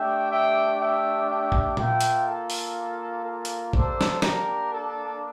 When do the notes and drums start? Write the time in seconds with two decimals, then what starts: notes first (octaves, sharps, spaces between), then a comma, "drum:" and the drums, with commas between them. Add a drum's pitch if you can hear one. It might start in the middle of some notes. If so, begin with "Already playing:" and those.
Already playing: A3 D4 G4 E5 G5
0.31 E5 G5
0.80 E5 G5
1.28 E5 G5
1.52 drum: kick A1
1.77 A#3 F4 E5 G5, drum: tom A#2
2.01 drum: hi-hat
2.27 A4
2.50 drum: open hi-hat
3.25 A4
3.45 drum: hi-hat
3.73 A#3 D4 G4 A4 C5, drum: kick A1
4.01 drum: snare
4.22 G4 A#4, drum: snare
4.72 A4